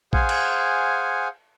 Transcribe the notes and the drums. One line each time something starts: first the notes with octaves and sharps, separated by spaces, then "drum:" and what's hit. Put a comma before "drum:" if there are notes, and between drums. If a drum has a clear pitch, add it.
G#4 C5 F5 F#5 G#5, drum: kick
drum: cymbal